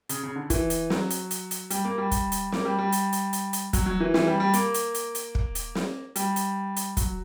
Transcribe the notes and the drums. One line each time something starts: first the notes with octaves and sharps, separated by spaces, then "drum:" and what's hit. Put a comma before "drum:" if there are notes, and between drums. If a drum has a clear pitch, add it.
C#3, drum: hi-hat
C#3
D3
E3, drum: kick, hi-hat
drum: hi-hat
F#3, drum: snare
drum: hi-hat
drum: hi-hat
drum: hi-hat
G3, drum: hi-hat
A#3
G3
drum: kick, hi-hat
drum: hi-hat
A#3, drum: snare
G3
G3
drum: hi-hat
drum: hi-hat
drum: hi-hat
drum: hi-hat
F#3, drum: kick, hi-hat
F#3
E3
E3, drum: snare
G3
G3
A#3, drum: hi-hat
drum: hi-hat
drum: hi-hat
drum: hi-hat
drum: kick
drum: hi-hat
drum: snare
G3, drum: hi-hat
drum: hi-hat
drum: hi-hat
F#3, drum: kick, hi-hat